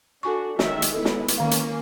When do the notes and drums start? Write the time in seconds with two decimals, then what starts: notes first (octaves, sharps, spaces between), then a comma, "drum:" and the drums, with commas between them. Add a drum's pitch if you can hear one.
0.23 D4 F#4 A4 G#5 C#6
0.59 D#3 G#3 E5, drum: snare
0.82 drum: hi-hat
0.93 G#3 B3 E4 A4
1.05 drum: snare
1.28 drum: hi-hat
1.38 D#3 A#3 C#4 F5
1.51 drum: hi-hat